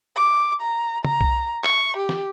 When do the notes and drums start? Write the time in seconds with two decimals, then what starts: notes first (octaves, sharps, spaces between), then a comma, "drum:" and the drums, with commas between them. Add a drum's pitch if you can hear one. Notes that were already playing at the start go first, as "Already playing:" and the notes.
0.16 D6
0.62 A#5
1.05 A#5, drum: tom
1.21 drum: kick B1
1.64 C#6, drum: clap
1.97 G4
2.09 drum: snare